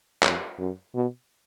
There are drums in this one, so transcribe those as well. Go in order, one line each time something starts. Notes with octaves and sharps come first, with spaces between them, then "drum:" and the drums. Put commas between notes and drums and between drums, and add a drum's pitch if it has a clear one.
F2, drum: clap
F#2
B2